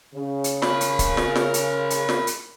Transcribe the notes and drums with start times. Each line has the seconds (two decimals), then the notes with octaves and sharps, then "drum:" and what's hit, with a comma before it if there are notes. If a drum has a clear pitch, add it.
0.14 C#3
0.44 drum: hi-hat
0.62 A#4 B5, drum: snare
0.81 drum: hi-hat
0.99 drum: kick, hi-hat
1.17 drum: snare
1.35 drum: snare
1.54 drum: hi-hat
1.90 drum: hi-hat
2.09 drum: snare
2.27 drum: hi-hat